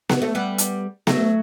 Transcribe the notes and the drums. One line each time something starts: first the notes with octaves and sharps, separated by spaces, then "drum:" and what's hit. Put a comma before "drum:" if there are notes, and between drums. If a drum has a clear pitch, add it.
B3, drum: snare B3
A3
G3 B3
drum: hi-hat
F#3 A3, drum: snare B3